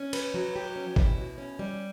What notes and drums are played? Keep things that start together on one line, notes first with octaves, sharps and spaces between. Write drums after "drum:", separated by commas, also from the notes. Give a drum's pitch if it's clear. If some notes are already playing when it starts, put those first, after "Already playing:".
Already playing: C#4
B4, drum: cymbal
F#3
G4
C#4
E4, drum: kick
B2
C#4
G3